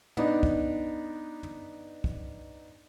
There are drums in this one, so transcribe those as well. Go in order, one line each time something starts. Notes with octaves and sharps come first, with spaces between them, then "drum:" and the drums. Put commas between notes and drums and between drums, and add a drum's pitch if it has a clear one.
B3 D4 D#4, drum: tom
drum: kick
drum: tom
drum: kick